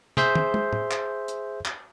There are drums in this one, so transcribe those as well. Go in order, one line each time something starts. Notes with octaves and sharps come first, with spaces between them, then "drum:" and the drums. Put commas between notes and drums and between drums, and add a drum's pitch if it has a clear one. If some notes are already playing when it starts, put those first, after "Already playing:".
G#4 C5 E5 C6 G6, drum: tom
drum: tom
drum: tom
drum: tom
drum: clap
drum: hi-hat
drum: clap